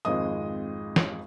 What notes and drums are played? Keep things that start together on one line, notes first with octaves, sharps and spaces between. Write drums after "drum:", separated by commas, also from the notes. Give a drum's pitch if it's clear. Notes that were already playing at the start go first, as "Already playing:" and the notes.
G#1 F2 G#3 D#5 D#6
drum: snare